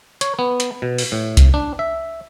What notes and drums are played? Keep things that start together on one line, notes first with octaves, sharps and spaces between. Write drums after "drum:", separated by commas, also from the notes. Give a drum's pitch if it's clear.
C#5, drum: hi-hat
B3
drum: hi-hat
B2
drum: open hi-hat
A2
drum: kick C2, hi-hat
D4
E5